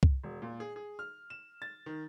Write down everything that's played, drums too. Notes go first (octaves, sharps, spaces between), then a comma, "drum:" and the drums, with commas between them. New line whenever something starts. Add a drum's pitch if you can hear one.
drum: kick C2
E1
A#2
G#4
G#4
F6
E7
A6
D#3